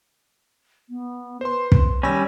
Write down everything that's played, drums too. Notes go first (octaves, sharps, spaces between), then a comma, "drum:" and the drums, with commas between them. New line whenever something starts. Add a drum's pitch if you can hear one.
B3
B4 C5 C6
drum: kick
D#3 G3 C#4 B5 E6 A#6